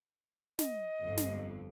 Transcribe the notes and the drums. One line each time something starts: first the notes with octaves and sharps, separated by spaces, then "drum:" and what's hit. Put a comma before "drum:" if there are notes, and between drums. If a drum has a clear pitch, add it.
D#5, drum: snare
G1 F2
drum: snare